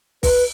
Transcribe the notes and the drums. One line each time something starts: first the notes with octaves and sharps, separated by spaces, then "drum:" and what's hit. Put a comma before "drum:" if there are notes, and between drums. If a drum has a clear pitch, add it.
B4, drum: kick, open hi-hat